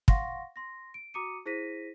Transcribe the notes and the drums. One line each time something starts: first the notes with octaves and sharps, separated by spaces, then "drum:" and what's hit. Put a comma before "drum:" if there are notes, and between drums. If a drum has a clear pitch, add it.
F5 F#5 C6 C#6 A#6, drum: kick
C6 A#6
D7
F#4 A#5 D6 D#6 C#7 D#7
E4 G#4 C5 A#6 B6 D#7